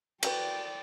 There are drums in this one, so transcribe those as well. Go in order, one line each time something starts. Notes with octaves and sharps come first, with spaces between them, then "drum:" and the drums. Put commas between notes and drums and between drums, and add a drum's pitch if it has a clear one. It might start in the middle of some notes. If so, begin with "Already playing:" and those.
F#4 G4 B4 D5 G5, drum: cymbal